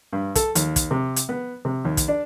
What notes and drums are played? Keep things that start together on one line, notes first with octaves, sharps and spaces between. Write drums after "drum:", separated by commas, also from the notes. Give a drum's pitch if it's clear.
G2
A4, drum: kick, hi-hat
D#2, drum: hi-hat
drum: kick, hi-hat
C3
drum: hi-hat
B3
C3
D#2
drum: kick, hi-hat
D4